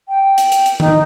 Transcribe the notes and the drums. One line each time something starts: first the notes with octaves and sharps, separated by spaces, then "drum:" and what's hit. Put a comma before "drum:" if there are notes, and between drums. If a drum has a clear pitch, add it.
G5
drum: hi-hat
drum: hi-hat
drum: hi-hat
D#4, drum: tom D#3